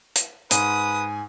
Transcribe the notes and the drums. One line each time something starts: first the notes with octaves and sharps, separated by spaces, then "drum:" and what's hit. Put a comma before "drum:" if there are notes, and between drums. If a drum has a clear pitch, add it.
drum: hi-hat
G#2 B4 G#5 D#6, drum: hi-hat